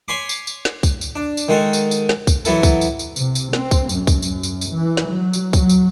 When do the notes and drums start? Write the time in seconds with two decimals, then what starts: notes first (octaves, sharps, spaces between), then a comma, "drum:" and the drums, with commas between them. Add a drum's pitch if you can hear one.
0.08 C#5 G#5 B5 C6 D6
0.29 drum: tambourine
0.47 drum: tambourine
0.65 drum: snare
0.83 drum: kick C2, tambourine
1.01 drum: tambourine
1.16 D4
1.37 drum: tambourine
1.48 D#3 G#3 D#4 F#4 A4
1.73 drum: tambourine
1.91 drum: tambourine
2.09 drum: snare
2.27 drum: kick C2, tambourine
2.45 E3 F#3 B3 E4 A4, drum: tambourine
2.63 drum: kick C2, tambourine
2.81 drum: tambourine
2.99 drum: tambourine
3.16 C3, drum: tambourine
3.35 drum: tambourine
3.53 C4, drum: snare
3.71 drum: kick C2, tambourine
3.89 F#2, drum: tambourine
4.07 drum: kick C2, tambourine
4.22 F#2, drum: tambourine
4.43 drum: tambourine
4.61 drum: tambourine
4.75 E3
4.97 drum: snare
5.12 F#3
5.33 drum: tambourine
5.53 F#3, drum: kick C2, tambourine
5.69 drum: tambourine